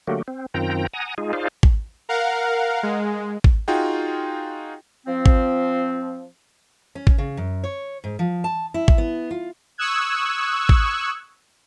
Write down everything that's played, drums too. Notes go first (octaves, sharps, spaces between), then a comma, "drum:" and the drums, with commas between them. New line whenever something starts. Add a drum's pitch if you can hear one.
D3 F#3 A3 A#3 F#4 G4
C4
F#2 D#3 C4 F4 G5 A#5
F#5 G#5 A#5 D#6
G#3 D#4 F4 G#4
D#4 F4 G#4 C5 D5 F5
drum: kick G#1
A#4 F5 F#5
G#3
drum: kick G#1
D#4 F4 F#4 G#4 G5
F3 C4
drum: kick G#1
C#4
drum: kick G#1
C#3
F#2
C#5
G#2
F3
A5
E4
drum: kick G#1
B3
F4
C#6 D#6 E6 F#6 G#6
drum: kick G#1